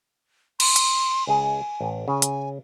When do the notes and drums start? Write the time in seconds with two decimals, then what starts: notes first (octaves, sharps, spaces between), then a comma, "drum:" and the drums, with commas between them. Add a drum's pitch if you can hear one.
0.60 C6, drum: cymbal
0.76 drum: hi-hat
1.27 C#2 G#4 G#5
1.81 A1
2.08 C#3 G#5
2.22 drum: hi-hat